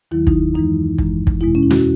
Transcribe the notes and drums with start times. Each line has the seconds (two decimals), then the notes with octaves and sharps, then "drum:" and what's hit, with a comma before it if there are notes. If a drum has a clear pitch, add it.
0.11 D#2 D#3 F#3 E4
0.27 D#4, drum: kick
0.55 F#2 E3 G#3 D#4
0.98 F#2 E3 G#3, drum: kick
1.27 drum: kick
1.41 E2 B2 G#3 E4
1.55 C#4
1.63 E4
1.71 F#4, drum: snare